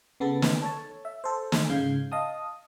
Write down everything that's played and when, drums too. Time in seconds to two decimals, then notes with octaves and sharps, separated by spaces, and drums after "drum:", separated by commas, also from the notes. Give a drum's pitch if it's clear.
0.20 C#3 B3 A4 A6
0.42 drum: snare
0.62 A4 C#5 A5
1.05 E5
1.24 A4 C5
1.52 drum: snare
1.70 G#2 C#3 F5 G6 G#6 C7
2.12 D#5 F5 A5 D#6